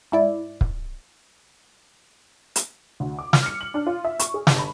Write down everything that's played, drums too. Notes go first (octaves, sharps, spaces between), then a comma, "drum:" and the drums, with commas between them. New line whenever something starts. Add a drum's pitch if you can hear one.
G#2 E4 D5
drum: kick
drum: hi-hat
D2
D6
F6, drum: snare
C#7
F#7
D4
F4
E5
C#6, drum: hi-hat
G#4
G1, drum: snare
B5